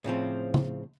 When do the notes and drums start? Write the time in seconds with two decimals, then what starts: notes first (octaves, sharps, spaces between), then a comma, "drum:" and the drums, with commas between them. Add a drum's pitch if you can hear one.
0.04 A2 C#3 F3 C4
0.54 drum: tom C#3